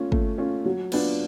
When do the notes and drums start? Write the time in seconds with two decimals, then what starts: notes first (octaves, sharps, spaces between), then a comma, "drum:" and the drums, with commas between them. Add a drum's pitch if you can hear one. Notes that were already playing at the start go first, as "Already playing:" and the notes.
Already playing: A3 C#4 F4
0.12 A3, drum: kick
0.38 C#4 F4
0.65 F#3
0.92 B3 D4 F4, drum: cymbal